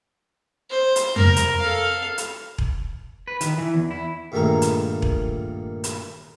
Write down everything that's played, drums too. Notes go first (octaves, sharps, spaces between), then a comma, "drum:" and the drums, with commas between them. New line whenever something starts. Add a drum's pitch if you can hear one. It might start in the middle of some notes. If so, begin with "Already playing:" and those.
C5
drum: hi-hat
A#4, drum: tom F2
drum: hi-hat
A4 F5
drum: hi-hat
drum: kick E1
B4
D#3, drum: hi-hat
E3
E2
E4
G2 A#2 D#3 A3 G#4 A#5
drum: hi-hat
drum: kick E1
drum: hi-hat